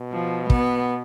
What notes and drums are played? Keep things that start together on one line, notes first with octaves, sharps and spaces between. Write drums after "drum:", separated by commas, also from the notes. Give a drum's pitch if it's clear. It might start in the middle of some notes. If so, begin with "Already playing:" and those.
Already playing: B2
F3
B3, drum: kick